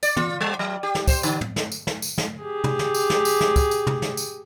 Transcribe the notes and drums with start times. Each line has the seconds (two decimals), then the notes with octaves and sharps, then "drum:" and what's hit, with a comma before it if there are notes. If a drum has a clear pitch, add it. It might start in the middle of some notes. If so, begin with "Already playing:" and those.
0.03 D5, drum: tambourine
0.17 F4, drum: tom
0.40 G3
0.59 F#3
0.83 G4
0.95 drum: snare
1.08 C5, drum: kick, tambourine
1.23 D3, drum: tambourine
1.41 drum: tom
1.56 drum: snare
1.72 drum: tambourine
1.87 drum: snare
2.02 drum: tambourine
2.18 drum: snare
2.41 G4 G#4
2.64 drum: tom
2.79 drum: snare
2.94 drum: tambourine
3.10 drum: snare
3.25 drum: tambourine
3.41 drum: snare
3.56 drum: kick, tambourine
3.71 drum: tambourine
3.87 drum: tom
4.02 drum: snare
4.17 drum: tambourine